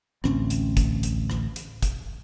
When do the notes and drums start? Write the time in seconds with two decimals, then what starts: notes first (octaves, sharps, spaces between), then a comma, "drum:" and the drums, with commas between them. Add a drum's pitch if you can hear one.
0.24 A1 D2 C4 C#4, drum: rim click
0.50 drum: hi-hat
0.77 drum: kick, hi-hat
1.03 drum: hi-hat
1.30 drum: rim click
1.56 drum: hi-hat
1.82 drum: kick, hi-hat